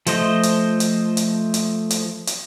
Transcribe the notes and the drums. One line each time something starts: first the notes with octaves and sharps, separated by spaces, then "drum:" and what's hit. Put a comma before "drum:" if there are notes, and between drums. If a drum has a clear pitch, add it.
F3 A3 C5 D#5, drum: hi-hat
drum: hi-hat
drum: hi-hat
drum: hi-hat
drum: hi-hat
drum: hi-hat
drum: hi-hat